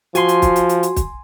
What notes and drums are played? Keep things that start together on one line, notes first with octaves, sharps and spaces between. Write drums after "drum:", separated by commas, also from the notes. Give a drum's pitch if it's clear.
F3 F#4 G#5 C6, drum: hi-hat
drum: hi-hat
drum: kick, hi-hat
drum: hi-hat
drum: hi-hat
drum: hi-hat
drum: kick, hi-hat